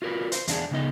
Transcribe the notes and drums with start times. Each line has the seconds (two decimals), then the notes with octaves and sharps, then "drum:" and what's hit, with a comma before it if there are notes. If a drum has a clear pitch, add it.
0.02 F4 F#4 A#4 B4
0.32 C5, drum: hi-hat
0.48 E2 D4 G#4, drum: hi-hat
0.71 C#3 B3 D#4 D#5